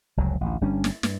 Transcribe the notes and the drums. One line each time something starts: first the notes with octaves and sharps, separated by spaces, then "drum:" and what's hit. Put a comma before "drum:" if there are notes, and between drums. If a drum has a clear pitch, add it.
F1 C#2 C#3 F#3
A1 D2
G1 G3 C#4 D4
drum: snare
G2, drum: snare